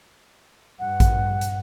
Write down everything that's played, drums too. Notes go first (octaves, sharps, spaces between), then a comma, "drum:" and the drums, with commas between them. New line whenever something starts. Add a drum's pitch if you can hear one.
G2 F#5
drum: kick A1, hi-hat
drum: hi-hat